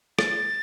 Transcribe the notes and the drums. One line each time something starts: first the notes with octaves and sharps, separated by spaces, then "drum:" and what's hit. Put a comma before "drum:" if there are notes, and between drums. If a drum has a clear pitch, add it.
A6, drum: rim click